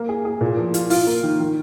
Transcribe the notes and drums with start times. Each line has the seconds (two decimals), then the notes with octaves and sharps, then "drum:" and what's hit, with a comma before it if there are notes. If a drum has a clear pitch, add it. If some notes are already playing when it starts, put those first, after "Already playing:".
Already playing: A#3
0.09 G#4
0.25 G#4
0.41 A#2
0.57 F3
0.74 F4, drum: hi-hat
0.90 F4, drum: open hi-hat
1.07 A#3
1.23 D#3
1.39 D#3